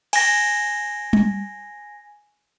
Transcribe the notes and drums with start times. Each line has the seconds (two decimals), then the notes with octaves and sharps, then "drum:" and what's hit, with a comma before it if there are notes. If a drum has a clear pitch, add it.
0.13 G#5 A#6, drum: cymbal
1.13 drum: tom G3